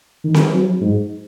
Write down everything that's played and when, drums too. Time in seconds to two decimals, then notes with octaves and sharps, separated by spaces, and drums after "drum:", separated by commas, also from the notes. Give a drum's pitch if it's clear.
0.24 D#3
0.34 drum: snare C4
0.52 F#3
0.81 G#2